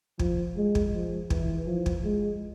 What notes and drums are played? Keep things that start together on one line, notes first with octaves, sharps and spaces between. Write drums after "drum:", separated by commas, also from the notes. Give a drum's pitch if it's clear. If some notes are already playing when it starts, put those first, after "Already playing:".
F3, drum: kick
G#3
drum: kick
F3
E3, drum: kick
F3
drum: kick
G#3